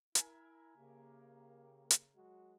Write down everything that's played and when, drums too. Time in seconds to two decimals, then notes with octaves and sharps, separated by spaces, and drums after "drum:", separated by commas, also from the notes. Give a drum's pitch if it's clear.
0.15 E4 A#4 E5 G#5, drum: hi-hat
0.77 C#3 A#3 G4
1.91 drum: hi-hat
2.15 F#3 G#3 F#4